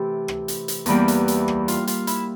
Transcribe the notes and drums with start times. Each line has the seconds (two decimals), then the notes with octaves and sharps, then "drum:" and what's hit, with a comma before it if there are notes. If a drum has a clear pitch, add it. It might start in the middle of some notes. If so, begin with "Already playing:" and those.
Already playing: C3 E3 A3 G4 A4
0.28 drum: rim click
0.48 drum: hi-hat
0.68 drum: hi-hat
0.86 E2 E3 G3 A#3 G4, drum: hi-hat
1.08 drum: hi-hat
1.28 drum: hi-hat
1.48 drum: rim click
1.68 F4, drum: hi-hat
1.87 F4, drum: hi-hat
2.07 E4, drum: hi-hat